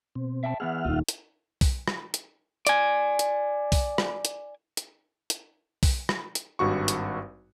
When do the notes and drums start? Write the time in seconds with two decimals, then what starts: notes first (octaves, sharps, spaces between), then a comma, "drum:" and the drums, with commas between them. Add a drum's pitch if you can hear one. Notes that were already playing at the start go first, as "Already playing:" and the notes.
0.15 B2 C4
0.44 E5 G5 A5
0.60 E3 B3 G#4 E5 F#5 F6
0.85 D#1 D#3 F4
1.08 drum: hi-hat
1.61 drum: kick B1, open hi-hat
1.88 drum: rim click
2.14 drum: hi-hat
2.67 D5 G#5, drum: hi-hat
3.19 drum: hi-hat
3.72 drum: kick B1, open hi-hat
3.98 drum: rim click
4.25 drum: hi-hat
4.77 drum: hi-hat
5.30 drum: hi-hat
5.83 drum: kick B1, open hi-hat
6.09 drum: rim click
6.35 drum: hi-hat
6.59 G#1 G2 F#4 C#6
6.88 drum: hi-hat